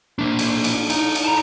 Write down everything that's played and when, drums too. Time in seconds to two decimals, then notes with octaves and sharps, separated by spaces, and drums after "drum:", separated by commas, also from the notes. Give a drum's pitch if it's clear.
0.19 A#3 D4
0.39 drum: cymbal
0.64 drum: cymbal
0.90 D#4, drum: cymbal
1.15 drum: cymbal
1.24 A5 A#5